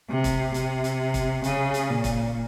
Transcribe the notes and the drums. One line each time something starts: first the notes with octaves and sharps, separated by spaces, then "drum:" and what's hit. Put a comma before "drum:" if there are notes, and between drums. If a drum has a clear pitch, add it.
C3
drum: kick E1, hi-hat
C3, drum: hi-hat
drum: hi-hat
drum: kick E1, hi-hat
C#3, drum: hi-hat
drum: hi-hat
A#2
drum: kick E1, hi-hat